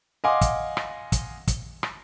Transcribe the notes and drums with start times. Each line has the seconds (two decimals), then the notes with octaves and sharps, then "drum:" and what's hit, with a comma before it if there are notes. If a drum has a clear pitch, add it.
0.24 D#5 F5 F#5 G#5 C6 D6
0.41 drum: kick, hi-hat
0.77 drum: rim click
1.12 drum: kick, hi-hat
1.48 drum: kick, hi-hat
1.83 drum: rim click